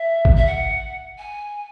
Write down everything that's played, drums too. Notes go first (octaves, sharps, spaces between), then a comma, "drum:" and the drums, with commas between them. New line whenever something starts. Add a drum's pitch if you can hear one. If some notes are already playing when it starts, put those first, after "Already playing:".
Already playing: E5
drum: kick G#1
E5
F#5
G#5